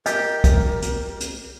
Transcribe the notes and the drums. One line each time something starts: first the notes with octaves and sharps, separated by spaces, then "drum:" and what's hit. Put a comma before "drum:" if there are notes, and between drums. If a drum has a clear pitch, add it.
G4 A#4 D#5, drum: hi-hat
drum: kick C2, hi-hat
drum: hi-hat
drum: hi-hat